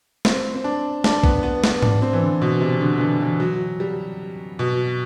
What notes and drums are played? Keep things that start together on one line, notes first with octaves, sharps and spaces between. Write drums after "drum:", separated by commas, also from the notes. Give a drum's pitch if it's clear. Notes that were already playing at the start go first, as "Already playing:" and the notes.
C4, drum: snare
C4
D4
D4, drum: snare
B3, drum: kick A#1
B3
B3, drum: snare
D4, drum: tom G#2
C4
E3
D3
B2
C3
D3
E3
D3
E3
F#3
G3
B2